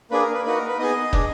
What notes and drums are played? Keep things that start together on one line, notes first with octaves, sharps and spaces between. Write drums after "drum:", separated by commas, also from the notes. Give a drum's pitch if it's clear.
A#3 D4 G#4 B4
A#4
B4
A#3 D#4 F#4 B4
A#4
B4
B3 D#4 G#4 D#5
D4 G#4, drum: kick